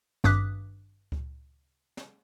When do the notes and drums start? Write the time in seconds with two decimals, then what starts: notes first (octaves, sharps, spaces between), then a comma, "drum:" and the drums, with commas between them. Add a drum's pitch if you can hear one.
0.24 G#1 G2 D6 D#6 F#6 B6, drum: snare
1.12 drum: kick C#2
1.97 drum: snare